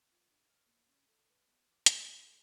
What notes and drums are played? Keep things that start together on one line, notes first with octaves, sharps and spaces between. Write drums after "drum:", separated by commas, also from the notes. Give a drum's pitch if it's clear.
F4
D4
F6
A#3
C#4
A4
B4
B3
D6
G#4, drum: hi-hat
B2
A4